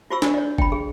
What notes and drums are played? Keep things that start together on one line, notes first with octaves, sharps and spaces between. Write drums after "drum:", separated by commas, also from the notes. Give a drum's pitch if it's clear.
F4 F#4 C5 B5 C#6 E6
D4, drum: snare
C#5 D5
G5 B5, drum: kick F#1
G#4